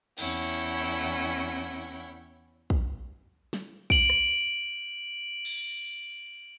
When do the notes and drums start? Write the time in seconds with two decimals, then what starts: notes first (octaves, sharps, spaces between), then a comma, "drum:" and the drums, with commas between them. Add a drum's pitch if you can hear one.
0.18 E2 C#4 E4 F#5 G5, drum: cymbal
2.70 drum: kick
3.53 drum: snare
3.90 D7 F#7, drum: kick
4.10 drum: rim click
5.45 drum: cymbal